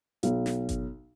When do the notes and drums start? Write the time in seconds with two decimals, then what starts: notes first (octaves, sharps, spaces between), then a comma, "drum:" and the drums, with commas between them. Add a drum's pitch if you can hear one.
0.23 B1, drum: hi-hat
0.46 drum: snare
0.69 drum: kick G1, hi-hat